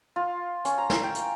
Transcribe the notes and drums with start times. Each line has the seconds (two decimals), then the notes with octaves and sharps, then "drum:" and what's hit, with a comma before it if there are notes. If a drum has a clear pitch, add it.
0.16 F4
0.65 C#4, drum: hi-hat
0.78 A#5
0.90 drum: snare
1.04 G5
1.15 drum: hi-hat